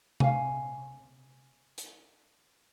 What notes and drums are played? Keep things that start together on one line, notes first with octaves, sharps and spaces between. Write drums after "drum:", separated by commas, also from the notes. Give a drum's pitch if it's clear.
F5 G#5, drum: tom C3
drum: hi-hat